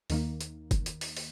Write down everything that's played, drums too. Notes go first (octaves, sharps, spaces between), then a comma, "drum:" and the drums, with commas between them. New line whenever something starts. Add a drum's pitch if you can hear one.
D#2 D#3 A#3, drum: open hi-hat
drum: hi-hat
drum: kick, hi-hat
drum: hi-hat
drum: open hi-hat
drum: open hi-hat